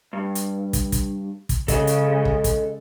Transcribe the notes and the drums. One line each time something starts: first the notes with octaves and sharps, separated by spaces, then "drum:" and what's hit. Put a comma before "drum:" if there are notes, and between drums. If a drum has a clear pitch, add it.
G2
drum: hi-hat
drum: kick, hi-hat
drum: kick, hi-hat
drum: kick, hi-hat
C#3 G#3 A4 D#5, drum: kick, hi-hat
drum: hi-hat
drum: kick
drum: kick, hi-hat